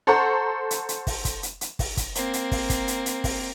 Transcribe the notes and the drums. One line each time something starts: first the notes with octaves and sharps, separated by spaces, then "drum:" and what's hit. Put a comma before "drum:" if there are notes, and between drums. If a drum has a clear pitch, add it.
A4 C5 F#5 A#5 C#6
drum: hi-hat
drum: hi-hat
drum: kick, open hi-hat
drum: kick, hi-hat
drum: hi-hat
drum: hi-hat
drum: kick, open hi-hat
drum: kick, hi-hat
A#3 C4, drum: hi-hat
drum: hi-hat
drum: kick, open hi-hat
drum: kick, hi-hat
drum: hi-hat
drum: hi-hat
drum: kick, open hi-hat